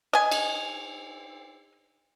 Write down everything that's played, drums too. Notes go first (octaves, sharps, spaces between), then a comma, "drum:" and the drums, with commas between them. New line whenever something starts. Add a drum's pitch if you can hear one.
D#5 G#5
drum: cymbal